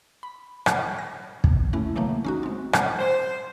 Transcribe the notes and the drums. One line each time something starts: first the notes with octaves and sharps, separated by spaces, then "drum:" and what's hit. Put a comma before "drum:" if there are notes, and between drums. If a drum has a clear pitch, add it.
B5
drum: rim click
A#6
drum: kick
A3 C#4 E4
C#3 E3 F#3 A3 A#3
C#4 D#4 F#4
G#3 C4
drum: rim click
C5